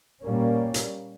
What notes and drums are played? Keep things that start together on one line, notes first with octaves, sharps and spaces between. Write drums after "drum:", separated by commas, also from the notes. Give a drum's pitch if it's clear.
A#2 G3 A#3 C#4
drum: hi-hat